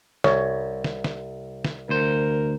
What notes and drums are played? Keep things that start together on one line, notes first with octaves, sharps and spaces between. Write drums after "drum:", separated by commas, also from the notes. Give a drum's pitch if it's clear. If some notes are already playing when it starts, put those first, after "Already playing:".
C2 C#5, drum: snare
drum: snare
drum: snare
drum: snare
D2 A#4 C5